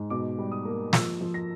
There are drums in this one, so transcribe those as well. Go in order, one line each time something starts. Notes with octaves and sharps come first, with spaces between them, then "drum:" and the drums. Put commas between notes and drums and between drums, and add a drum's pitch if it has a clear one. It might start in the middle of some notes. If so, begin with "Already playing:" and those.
Already playing: G#2
B2 D6
G3
D#6
A#3
F3 E6, drum: snare
F3
A#6